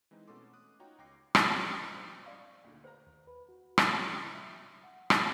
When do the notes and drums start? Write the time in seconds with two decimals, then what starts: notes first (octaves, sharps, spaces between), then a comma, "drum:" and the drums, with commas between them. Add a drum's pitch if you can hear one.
0.11 E3 G#3 C4 D#4
0.27 B2 A3 C#4 A4 C6 D6
0.53 D6 D#6 F#6
0.80 D#4 F4 F#4 C#5 G5 A#5
0.99 C#2 G5 D6 A#6 C7
1.35 drum: rim click
1.48 F6
1.97 C4 D4 C5
2.26 D5 F5 C#6
2.64 D2 A#2 D3
2.84 B4 C5 A#5
3.07 D#2
3.27 B4
3.49 F#4
3.78 drum: rim click
3.88 E4
4.15 C#3
4.34 E5
4.83 F#5
5.10 D4, drum: rim click